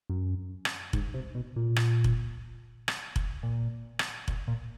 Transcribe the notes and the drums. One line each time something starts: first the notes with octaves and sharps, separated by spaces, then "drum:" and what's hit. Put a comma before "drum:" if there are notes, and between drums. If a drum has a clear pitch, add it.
F#2
drum: rim click
G#2, drum: kick F1
C3
B2
A#2
drum: rim click
drum: kick F1
drum: rim click
drum: kick F1
A#2
drum: rim click
A#2, drum: kick F1
A#2